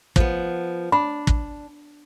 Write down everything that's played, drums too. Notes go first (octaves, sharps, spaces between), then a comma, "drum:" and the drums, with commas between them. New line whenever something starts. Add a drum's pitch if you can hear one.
F3 B3, drum: kick
D4 B5
drum: kick